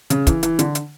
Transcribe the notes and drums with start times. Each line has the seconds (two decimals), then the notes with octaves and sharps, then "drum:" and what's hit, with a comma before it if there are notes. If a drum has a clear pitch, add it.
0.10 C#3, drum: hi-hat
0.27 E3, drum: kick, hi-hat
0.43 E3, drum: hi-hat
0.59 D3, drum: hi-hat
0.75 drum: hi-hat